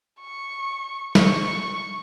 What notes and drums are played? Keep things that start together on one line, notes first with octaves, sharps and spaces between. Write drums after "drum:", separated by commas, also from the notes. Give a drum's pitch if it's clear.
C#6
C#6, drum: snare